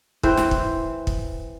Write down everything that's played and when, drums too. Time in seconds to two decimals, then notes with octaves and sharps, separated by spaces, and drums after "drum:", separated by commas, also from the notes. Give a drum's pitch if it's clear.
0.23 E3 C4 C5, drum: kick
0.37 drum: snare
0.51 drum: kick
1.07 drum: kick